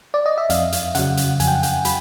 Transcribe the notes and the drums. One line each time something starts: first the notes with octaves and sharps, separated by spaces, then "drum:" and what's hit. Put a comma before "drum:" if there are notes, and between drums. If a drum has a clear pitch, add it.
D5
D#5
E5
F2 F5, drum: hi-hat
drum: hi-hat
C#3 F#3 F#5, drum: hi-hat
drum: hi-hat
F2 G#5, drum: hi-hat
G5
F#5
G5, drum: hi-hat
F#3 B5, drum: hi-hat